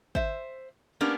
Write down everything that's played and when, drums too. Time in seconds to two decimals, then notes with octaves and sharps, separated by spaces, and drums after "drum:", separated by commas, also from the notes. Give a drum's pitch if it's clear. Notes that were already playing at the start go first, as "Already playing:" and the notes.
0.15 C5 E5, drum: kick
1.00 A#3 B3 C#4 D4 G4 A#4